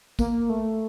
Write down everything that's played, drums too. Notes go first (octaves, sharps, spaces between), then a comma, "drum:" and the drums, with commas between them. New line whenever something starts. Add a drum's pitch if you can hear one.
A#3, drum: kick, tambourine
A3